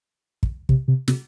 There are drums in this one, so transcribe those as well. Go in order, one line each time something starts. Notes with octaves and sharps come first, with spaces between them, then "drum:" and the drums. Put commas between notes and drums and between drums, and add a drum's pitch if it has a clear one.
drum: kick
C3, drum: kick
C3
C3, drum: snare